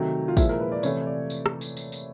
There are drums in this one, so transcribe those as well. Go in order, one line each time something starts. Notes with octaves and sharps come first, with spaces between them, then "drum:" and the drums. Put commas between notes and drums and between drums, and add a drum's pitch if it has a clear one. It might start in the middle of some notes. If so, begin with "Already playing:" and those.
Already playing: C3 D#3 F#3 A3 G4
F4
A#2 F3 G#3 E4, drum: kick, tambourine
A#4
B4
D5
C3 E3 A3 C#5, drum: tambourine
D5
drum: tambourine
drum: rim click
drum: tambourine
drum: tambourine
drum: tambourine